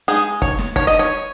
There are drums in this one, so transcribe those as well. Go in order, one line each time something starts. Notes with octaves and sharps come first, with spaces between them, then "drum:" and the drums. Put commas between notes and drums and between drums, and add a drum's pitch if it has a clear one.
G#3 D#4 G#4
C#5, drum: kick
drum: snare
C#5, drum: kick
D#5
C#5